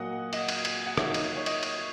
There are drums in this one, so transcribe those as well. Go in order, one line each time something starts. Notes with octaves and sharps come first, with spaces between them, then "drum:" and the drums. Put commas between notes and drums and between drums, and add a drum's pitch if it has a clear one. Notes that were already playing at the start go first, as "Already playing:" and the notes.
Already playing: A#2 F#3 A#3 D#5 F#5
D#5, drum: cymbal
drum: cymbal
drum: cymbal
F#5
F#3 A#3 D#4 C#5 E5, drum: rim click
D#5, drum: cymbal
C#5
D#5, drum: cymbal
drum: cymbal